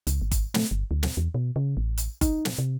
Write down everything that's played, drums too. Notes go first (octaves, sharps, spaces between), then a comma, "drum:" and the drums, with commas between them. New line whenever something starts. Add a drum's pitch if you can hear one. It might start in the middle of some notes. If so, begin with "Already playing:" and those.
C#2, drum: hi-hat
G#1
drum: kick G1, hi-hat
A3, drum: snare
G1
D2
drum: snare
E2
B2
C#3
A1
drum: hi-hat
D#4, drum: kick G1, hi-hat
drum: snare
C3